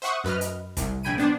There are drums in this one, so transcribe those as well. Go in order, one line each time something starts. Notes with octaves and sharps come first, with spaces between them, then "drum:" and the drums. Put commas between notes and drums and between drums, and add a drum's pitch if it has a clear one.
C5 E5 F#5 C#6 D#6
F#2 B4 D#5 F6
drum: hi-hat
C2, drum: kick, hi-hat
A#1 G5 G#5 B5 D7 D#7
B3 D4 C5